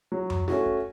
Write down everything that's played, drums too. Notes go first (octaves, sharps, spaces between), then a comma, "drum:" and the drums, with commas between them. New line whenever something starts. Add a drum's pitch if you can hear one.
F#3
drum: tom F2
A3 C#4 F#4, drum: snare
drum: kick